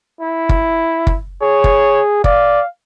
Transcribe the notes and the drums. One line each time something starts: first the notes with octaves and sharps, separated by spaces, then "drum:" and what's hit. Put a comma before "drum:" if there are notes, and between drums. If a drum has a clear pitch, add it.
E4
drum: kick
drum: kick
G#4 C#5
drum: kick
D5 F5, drum: kick